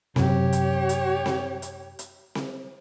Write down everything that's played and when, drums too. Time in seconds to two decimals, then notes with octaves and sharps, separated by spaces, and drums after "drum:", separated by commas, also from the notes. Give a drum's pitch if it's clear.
0.16 F#2 C3 G4 C#5, drum: snare C4
0.53 drum: hi-hat
0.89 drum: hi-hat
1.26 drum: snare C4
1.62 drum: hi-hat
1.99 drum: hi-hat
2.35 drum: snare C4